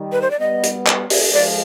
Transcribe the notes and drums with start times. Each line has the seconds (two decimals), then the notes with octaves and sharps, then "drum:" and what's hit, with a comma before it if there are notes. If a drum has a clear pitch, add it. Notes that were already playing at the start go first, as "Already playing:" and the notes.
Already playing: D#3 G3
0.12 B4
0.22 C5
0.31 D5
0.40 G3 B3 D#5
0.63 drum: hi-hat
0.87 drum: clap
1.10 drum: open hi-hat
1.33 F3 G#3 D5